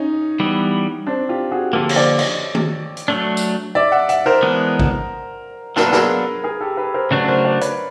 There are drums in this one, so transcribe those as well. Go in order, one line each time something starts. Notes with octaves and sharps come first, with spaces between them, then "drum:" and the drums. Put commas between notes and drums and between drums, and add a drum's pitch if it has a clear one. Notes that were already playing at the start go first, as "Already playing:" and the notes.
Already playing: C#4 D#4
E3 G3 B3
C4 D4
F4 G4
F#4 G#4
D3 F3 A#3 G4 A4
C#5, drum: cymbal
C5 D5
C#5 D#5, drum: cymbal
drum: tom D#3
drum: hi-hat
F#3 A3 D4
drum: tambourine
D5 E5
E5 F#5
E5 F#5, drum: hi-hat
A#4 C5
E3 G#3 B3 D4
drum: kick
F#3 B3 D4 F4 A4 A#4, drum: snare
B4
G#4 A#4, drum: snare
G#4 A#4
G4 A4
A4 B4
A#4 C5
C#3 F#3 A3 D4 F#4 B4 C#5
A#4 C5
C5 D5
B4 C#5, drum: hi-hat